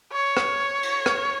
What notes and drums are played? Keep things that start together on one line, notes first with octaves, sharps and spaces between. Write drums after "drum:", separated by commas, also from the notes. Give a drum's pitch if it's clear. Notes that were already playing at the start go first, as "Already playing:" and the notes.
C#5
drum: rim click
drum: cymbal
drum: rim click